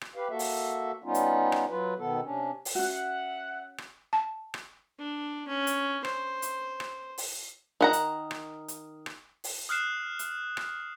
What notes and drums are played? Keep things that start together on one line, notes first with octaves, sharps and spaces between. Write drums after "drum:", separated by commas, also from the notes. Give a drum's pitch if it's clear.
drum: rim click
G4 B4 F5
A#3 F#4 A4 E5
drum: open hi-hat
G3 B3 C#4 D#4 F4
drum: hi-hat
drum: rim click
F#3 F4 B4
B2 D#3 B3 A4
C3 C#4 D4
drum: open hi-hat
C#4 F#4 E5 F#5
drum: rim click
A5
drum: rim click
D4
C#4
drum: hi-hat
C5, drum: rim click
drum: hi-hat
drum: rim click
drum: open hi-hat
D#3 F#5 A#5
drum: hi-hat
drum: rim click
drum: hi-hat
drum: rim click
drum: open hi-hat
D#6 F6 F#6 C7 E7
drum: hi-hat
drum: rim click